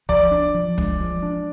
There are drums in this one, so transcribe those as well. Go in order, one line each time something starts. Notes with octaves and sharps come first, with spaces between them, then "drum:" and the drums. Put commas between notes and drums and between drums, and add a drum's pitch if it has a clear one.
F3 D5, drum: kick
D4
F3
G#3, drum: kick
F3
D4